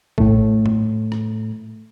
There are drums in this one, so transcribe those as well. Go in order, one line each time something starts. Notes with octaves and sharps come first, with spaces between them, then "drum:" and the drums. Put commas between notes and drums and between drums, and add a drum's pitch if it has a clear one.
A2 A3, drum: kick A#1
drum: tom G#2
drum: rim click